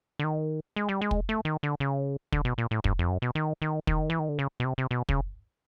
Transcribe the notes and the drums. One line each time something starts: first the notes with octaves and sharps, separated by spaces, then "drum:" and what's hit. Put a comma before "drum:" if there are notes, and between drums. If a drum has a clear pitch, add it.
D3
D#3
G#3
G3
G#3
drum: kick
A3
D#3
D3
C#3
D3, drum: kick
B2
A#2
A2
G2, drum: kick
F2
F#2
B2
D#3
D#3
D#3, drum: kick
E3
D#3
D3
C#3
B2
C3
C3
B2
C#3, drum: kick